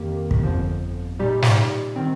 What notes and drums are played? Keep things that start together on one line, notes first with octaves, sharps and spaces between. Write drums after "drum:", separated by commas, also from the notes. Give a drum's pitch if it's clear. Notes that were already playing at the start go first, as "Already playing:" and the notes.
Already playing: F2 D#3 A#3 G4 A#4
drum: kick
G1 F2 F3
A#2 G3 D#4 G4
drum: snare
D#3 C4